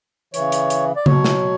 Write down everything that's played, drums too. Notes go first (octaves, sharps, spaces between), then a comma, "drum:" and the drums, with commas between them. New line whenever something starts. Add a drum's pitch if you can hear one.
C#3 E3 C#5, drum: hi-hat
drum: hi-hat
drum: hi-hat
D5
B2 F#3 C#5, drum: tom C#3
drum: snare